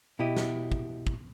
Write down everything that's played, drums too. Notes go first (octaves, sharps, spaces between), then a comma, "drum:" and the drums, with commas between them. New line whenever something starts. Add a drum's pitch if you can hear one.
B2 E4 G4 D#5
drum: snare
drum: kick
drum: kick